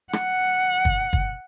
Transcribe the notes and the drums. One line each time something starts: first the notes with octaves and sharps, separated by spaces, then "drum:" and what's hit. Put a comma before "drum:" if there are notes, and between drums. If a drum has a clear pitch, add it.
F#5, drum: rim click
drum: kick
drum: kick